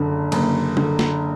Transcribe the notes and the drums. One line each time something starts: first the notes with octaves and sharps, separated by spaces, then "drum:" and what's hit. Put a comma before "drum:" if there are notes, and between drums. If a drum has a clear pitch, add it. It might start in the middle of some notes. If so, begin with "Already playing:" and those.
Already playing: F#1 D3
F#1, drum: cymbal
D3, drum: tom
drum: snare